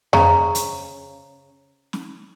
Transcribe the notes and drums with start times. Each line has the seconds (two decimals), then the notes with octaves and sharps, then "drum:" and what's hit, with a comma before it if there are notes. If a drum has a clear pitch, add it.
0.13 C#3 C5 A#5, drum: tom F2
0.55 drum: hi-hat
1.93 drum: snare